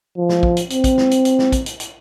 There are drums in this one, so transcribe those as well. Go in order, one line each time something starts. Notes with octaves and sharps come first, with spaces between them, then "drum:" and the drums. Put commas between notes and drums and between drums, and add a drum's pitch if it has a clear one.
F3
drum: snare
drum: kick
drum: hi-hat
C4, drum: hi-hat
drum: kick, hi-hat
drum: snare
drum: hi-hat
drum: hi-hat
drum: snare
drum: kick, hi-hat
drum: hi-hat
drum: hi-hat